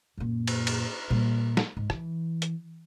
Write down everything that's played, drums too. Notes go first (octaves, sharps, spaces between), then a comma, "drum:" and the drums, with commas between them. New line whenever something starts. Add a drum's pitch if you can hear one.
F#2 A#2
drum: cymbal
drum: cymbal
A#2 G3
drum: snare
G#2
E3, drum: rim click
drum: hi-hat